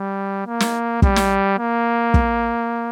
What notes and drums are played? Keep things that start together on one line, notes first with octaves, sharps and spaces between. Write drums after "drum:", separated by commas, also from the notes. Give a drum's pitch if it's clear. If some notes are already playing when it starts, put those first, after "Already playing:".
Already playing: G3
A#3
drum: snare
G3, drum: kick
drum: snare
A#3
drum: kick